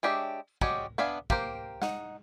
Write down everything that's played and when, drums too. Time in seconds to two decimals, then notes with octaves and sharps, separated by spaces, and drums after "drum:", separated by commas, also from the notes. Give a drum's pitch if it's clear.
0.03 G#3 D4 G4 C#5 E5
0.61 G3 G#3 F#4 G4 C#5, drum: kick
0.98 B3 D4 E5 F5 G#5
1.30 A#3 G4 A#4 C5, drum: kick
1.82 D#4 F#5, drum: snare